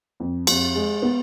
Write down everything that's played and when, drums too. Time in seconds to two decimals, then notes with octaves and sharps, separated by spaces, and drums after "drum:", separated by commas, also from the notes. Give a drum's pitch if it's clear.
0.20 F2
0.47 F2, drum: cymbal
0.76 G#3
1.02 B3